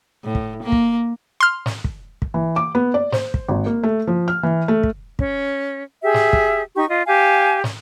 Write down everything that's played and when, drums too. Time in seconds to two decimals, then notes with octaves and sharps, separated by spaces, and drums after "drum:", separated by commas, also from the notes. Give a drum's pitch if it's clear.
0.24 A2
0.35 drum: kick
0.63 A#3
0.72 drum: kick
1.40 C6 F6
1.66 drum: snare
1.84 drum: kick
2.22 drum: kick
2.34 E3
2.56 D6
2.75 B3
2.94 D5
3.12 C5, drum: snare
3.34 drum: kick
3.49 G#1
3.66 A#3
3.83 A3
4.07 F3
4.28 F6
4.43 E3
4.68 A3
4.83 drum: kick
5.19 C#4, drum: kick
6.04 G4 G#4 E5
6.14 drum: snare
6.33 drum: kick
6.75 D#4 G4 C#6
6.89 F4 D#5
7.06 G4 F5 G#5
7.64 drum: snare